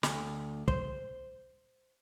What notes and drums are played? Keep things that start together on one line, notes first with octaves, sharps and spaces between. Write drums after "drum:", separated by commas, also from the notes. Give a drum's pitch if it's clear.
D2, drum: snare
C5, drum: kick